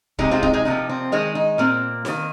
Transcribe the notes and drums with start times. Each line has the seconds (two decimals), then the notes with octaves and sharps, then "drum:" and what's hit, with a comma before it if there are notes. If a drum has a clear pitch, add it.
0.19 C3 G#3 D#4 G#4, drum: kick
0.31 C4 F4
0.43 D#4, drum: kick
0.53 D#4 G#4
0.65 C3 F3 A#3 D#4
0.89 C4
1.12 D#3 G#3 D#4
1.35 D#4
1.58 A#2 A#3 C4
2.05 D#3 A#3, drum: snare D#4